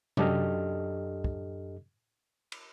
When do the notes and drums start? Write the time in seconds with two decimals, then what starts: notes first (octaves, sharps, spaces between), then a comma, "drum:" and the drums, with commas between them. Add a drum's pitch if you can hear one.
0.17 F#2 D4 G4 A4 D#5 F6, drum: tom C3
1.24 drum: kick
2.52 drum: cymbal